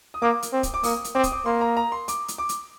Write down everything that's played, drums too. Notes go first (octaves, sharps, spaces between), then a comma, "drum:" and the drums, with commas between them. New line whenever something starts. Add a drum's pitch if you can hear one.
D#6
A#3 D6
drum: hi-hat
C4
drum: kick, hi-hat
D6
A#3 D#6, drum: open hi-hat
drum: hi-hat
C4 D6
D#6, drum: kick, hi-hat
D6
A#3 C6
A#5
A#5
C6
D6, drum: hi-hat
drum: hi-hat
D6
drum: hi-hat